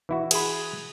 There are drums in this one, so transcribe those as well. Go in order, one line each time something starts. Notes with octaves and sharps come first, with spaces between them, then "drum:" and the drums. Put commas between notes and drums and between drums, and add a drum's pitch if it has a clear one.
E3 E4 F#4
G#4 B5, drum: cymbal